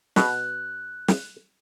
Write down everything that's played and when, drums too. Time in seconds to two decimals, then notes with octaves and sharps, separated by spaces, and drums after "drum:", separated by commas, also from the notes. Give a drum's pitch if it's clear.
0.16 B2 F#6, drum: snare
1.08 drum: snare